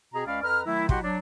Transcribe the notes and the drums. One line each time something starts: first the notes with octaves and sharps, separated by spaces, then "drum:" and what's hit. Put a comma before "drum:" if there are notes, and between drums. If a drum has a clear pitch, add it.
B2 C4 G#4 A#5
C#2 C#4 D5 F5 B5 F6
F2 B4 A#5 F6
D#3 F#3 A3 E4
B2 F#3 E4 F#4 G4 C6, drum: kick
F#3 D4